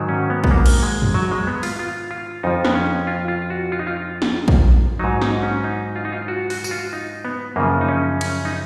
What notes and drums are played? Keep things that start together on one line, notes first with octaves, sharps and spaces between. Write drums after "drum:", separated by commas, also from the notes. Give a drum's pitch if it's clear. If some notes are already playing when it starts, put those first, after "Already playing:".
Already playing: G#2 D#3 F#3
C#4
B3
B3, drum: kick A#1
A#3
drum: cymbal
G#3
drum: tom
F#3
G#3
B3
F4, drum: open hi-hat
F4
F4
F2 F3 D#4
B3, drum: snare
C#4
F4
F4
F#4
F4
D#4
F4
drum: snare
drum: kick A#1
G#2 F#3 D#4
D#4, drum: snare
C#4
D#4
F4
D#4
F4
F#4
F#4, drum: open hi-hat
F#4, drum: tambourine
F4
D#4
B3
F#2 C#3 F3 A#3
D#4
C#4
C#4, drum: cymbal
D#4